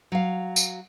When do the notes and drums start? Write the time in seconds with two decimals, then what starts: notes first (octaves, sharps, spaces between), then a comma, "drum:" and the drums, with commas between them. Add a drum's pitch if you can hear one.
0.12 F#3 F5
0.56 drum: tambourine